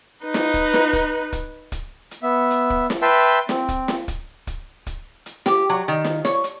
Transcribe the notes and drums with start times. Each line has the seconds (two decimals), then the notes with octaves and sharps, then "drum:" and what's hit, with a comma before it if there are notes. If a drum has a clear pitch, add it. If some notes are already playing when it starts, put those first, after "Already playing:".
0.25 D#4 B4
0.34 drum: snare
0.54 drum: kick, hi-hat
0.74 drum: snare
0.93 drum: kick, hi-hat
1.33 drum: kick, hi-hat
1.72 drum: kick, hi-hat
2.11 drum: hi-hat
2.23 B3 E5
2.51 drum: hi-hat
2.70 drum: kick
2.90 drum: snare
3.02 B4 E5 G5 A5 C6
3.49 C4, drum: snare
3.69 drum: kick, hi-hat
3.88 drum: snare
4.08 drum: kick, hi-hat
4.47 drum: kick, hi-hat
4.87 drum: kick, hi-hat
5.26 drum: hi-hat
5.46 G4, drum: snare
5.70 F#3
5.88 D#3
6.05 drum: snare
6.25 C#5, drum: snare
6.44 drum: hi-hat